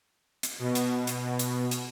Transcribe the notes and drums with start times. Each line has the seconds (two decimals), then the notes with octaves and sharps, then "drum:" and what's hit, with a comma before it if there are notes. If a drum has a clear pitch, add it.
0.43 drum: hi-hat
0.59 B2
0.75 drum: hi-hat
1.07 drum: hi-hat
1.39 drum: hi-hat
1.71 drum: hi-hat